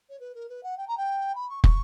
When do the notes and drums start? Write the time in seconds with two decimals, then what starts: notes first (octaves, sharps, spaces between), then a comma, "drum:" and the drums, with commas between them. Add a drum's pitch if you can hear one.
0.09 C#5
0.20 B4
0.34 A#4
0.49 B4
0.63 F#5
0.77 G5
0.87 A#5
0.97 G5
1.35 B5
1.49 C#6
1.64 C#6, drum: kick